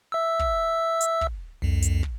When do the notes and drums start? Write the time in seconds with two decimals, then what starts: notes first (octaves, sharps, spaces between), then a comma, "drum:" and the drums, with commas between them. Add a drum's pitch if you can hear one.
0.12 E5 E6
0.39 drum: kick
1.01 drum: hi-hat
1.21 drum: kick
1.62 C2 F2
1.83 drum: hi-hat
2.03 drum: kick